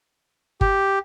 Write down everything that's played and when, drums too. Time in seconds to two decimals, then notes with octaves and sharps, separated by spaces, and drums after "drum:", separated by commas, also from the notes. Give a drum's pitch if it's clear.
0.61 G4, drum: kick G1